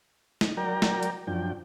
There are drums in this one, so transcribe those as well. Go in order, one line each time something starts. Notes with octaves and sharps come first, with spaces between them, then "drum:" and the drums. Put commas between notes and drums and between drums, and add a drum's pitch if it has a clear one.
D#4, drum: snare
F#3 A#4 D5 G5 A#5
drum: snare
drum: hi-hat
F#2 F3 D4 G5